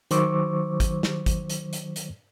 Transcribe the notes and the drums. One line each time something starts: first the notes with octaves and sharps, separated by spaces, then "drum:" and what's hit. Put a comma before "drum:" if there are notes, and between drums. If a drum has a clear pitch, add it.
D#3 F#3 C5 C#6 D6 E6, drum: hi-hat
drum: kick, hi-hat
drum: snare
drum: kick, hi-hat
drum: hi-hat
drum: hi-hat
drum: hi-hat